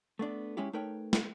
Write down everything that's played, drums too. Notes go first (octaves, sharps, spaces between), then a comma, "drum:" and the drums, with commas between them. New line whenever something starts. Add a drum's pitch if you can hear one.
A3 B3 D4
G#3 C#4 E4 G4
A3 D#4 A#4 B4 C#5 G5
drum: snare